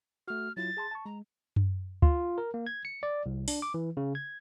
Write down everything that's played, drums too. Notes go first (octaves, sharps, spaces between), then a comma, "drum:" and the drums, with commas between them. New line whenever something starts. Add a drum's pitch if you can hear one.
A3 F#4 F6
F#3 E4 F4 A6
G#4 A5 C6
A5 C#6
G#3 A#5
drum: tom F#2
F4, drum: kick
A#4
A#3
G#6
C#7
D5
C2
D4, drum: open hi-hat
D6
E3
C#3
G#6